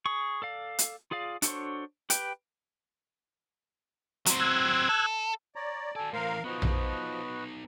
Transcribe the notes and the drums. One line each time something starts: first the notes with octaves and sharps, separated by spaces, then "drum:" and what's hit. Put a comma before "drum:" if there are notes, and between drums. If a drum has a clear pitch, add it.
G#4 C#6
A4 D5 F5
drum: hi-hat
F4 G#4 D5 F5
D4 F#4 A4 C5 C#5, drum: hi-hat
G4 B4 G5, drum: hi-hat
F#3 C4, drum: hi-hat
E6 F#6 G#6
A4
C#5 D5 A#5
F#4 A4 D5 G#5 A5
A2 E3 A#4 C5 F5 C6
F3 B3 D#4 F#4 B4 D#5
drum: tom A#1